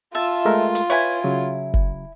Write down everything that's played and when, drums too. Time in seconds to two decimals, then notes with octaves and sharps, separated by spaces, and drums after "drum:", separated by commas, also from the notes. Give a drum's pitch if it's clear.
0.15 F4 E5 A5
0.45 G#3 A3 A#4
0.75 drum: hi-hat
0.90 E4 B4 C#5 G#5
1.24 C#3 F#3
1.74 drum: kick F#1